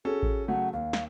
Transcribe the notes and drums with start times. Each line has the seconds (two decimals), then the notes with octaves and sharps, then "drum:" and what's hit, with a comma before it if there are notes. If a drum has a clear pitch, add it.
0.05 C#4 F#4 G#4 A4
0.23 drum: kick A1
0.48 C#3 F#3 A3 F#5
0.73 D#2 F5
0.93 drum: snare